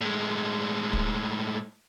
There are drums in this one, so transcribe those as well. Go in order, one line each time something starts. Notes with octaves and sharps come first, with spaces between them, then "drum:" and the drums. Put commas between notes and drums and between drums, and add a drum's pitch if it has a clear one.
A2 G#3
drum: kick